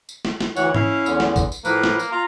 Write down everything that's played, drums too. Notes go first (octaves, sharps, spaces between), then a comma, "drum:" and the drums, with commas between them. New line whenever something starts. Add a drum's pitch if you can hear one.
drum: tambourine
drum: snare
drum: snare
D2 E3 C#5 F#5, drum: tambourine
C#4 E4 F5, drum: tom G#2
E2 D3, drum: tambourine
drum: snare
drum: kick, tambourine
drum: tambourine
A2 F3 A#3 B4, drum: tambourine
drum: snare
drum: tambourine
F4 A#5